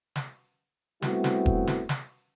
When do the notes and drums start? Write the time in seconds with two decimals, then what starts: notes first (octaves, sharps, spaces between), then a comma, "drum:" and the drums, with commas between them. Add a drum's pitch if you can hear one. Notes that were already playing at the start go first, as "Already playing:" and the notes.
0.16 drum: snare
1.02 G3 A3 B3 C4 E4 F#4, drum: snare
1.24 drum: snare
1.46 drum: kick E1
1.67 drum: snare
1.89 drum: snare